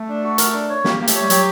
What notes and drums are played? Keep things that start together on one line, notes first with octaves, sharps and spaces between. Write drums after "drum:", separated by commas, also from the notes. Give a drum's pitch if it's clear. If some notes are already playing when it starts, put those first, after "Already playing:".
Already playing: A3
D4
F#4
A#4, drum: hi-hat
D4
C#5
A#3 G4, drum: snare
A#3 G4
A3, drum: hi-hat
C#5
G3
F#3 G4, drum: hi-hat